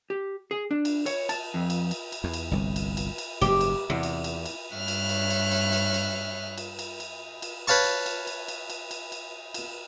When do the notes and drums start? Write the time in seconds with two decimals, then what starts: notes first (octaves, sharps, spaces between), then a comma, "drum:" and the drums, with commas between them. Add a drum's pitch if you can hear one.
0.10 G4
0.51 G#4
0.71 D4
0.85 drum: cymbal
1.06 C#5, drum: cymbal
1.29 A5, drum: cymbal
1.54 F2
1.70 drum: cymbal
1.91 drum: cymbal
2.12 drum: cymbal
2.24 E2
2.33 drum: cymbal
2.51 G1 C2
2.76 drum: cymbal
2.97 drum: cymbal
3.18 drum: cymbal
3.42 F#1 G#2 G4, drum: cymbal
3.61 drum: cymbal
3.90 E2 C3
4.03 drum: cymbal
4.24 drum: cymbal
4.45 drum: cymbal
4.75 G2 C#5 E5 F6 F#6
4.88 drum: cymbal
5.09 drum: cymbal
5.30 drum: cymbal
5.52 drum: cymbal
5.73 drum: cymbal
5.94 drum: cymbal
6.58 drum: cymbal
6.79 drum: cymbal
7.00 drum: cymbal
7.42 drum: cymbal
7.67 B4 C#5 F5 A5 C#6
7.85 drum: cymbal
8.06 drum: cymbal
8.27 drum: cymbal
8.48 drum: cymbal
8.70 drum: cymbal
8.91 drum: cymbal
9.12 drum: cymbal
9.54 drum: cymbal